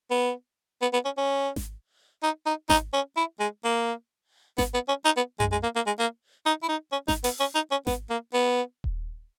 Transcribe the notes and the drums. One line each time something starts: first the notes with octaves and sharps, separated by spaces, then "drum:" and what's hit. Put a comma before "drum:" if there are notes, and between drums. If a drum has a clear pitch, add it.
B3
B3
B3
C#4
C#4
drum: snare G#1
D#4
D#4
D#4, drum: snare G#1
C#4
E4
G#3
A#3
B3, drum: snare G#1
B3
C#4
D#4
B3
G#3, drum: tom F#2
G#3
A#3
A#3
G#3
A#3
D#4
E4
D#4
C#4
D#4, drum: snare G#1
B3, drum: open hi-hat
C#4
D#4
C#4
B3, drum: snare G#1
A#3
B3
drum: kick D#1